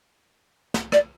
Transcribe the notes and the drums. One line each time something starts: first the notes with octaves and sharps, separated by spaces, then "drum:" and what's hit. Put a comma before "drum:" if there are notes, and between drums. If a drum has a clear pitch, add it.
drum: snare
D5, drum: rim click